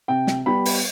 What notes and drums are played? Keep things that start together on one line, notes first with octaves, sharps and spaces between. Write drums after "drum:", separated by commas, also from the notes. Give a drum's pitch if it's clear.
C3 G5
drum: snare
G3 B3 B5
drum: open hi-hat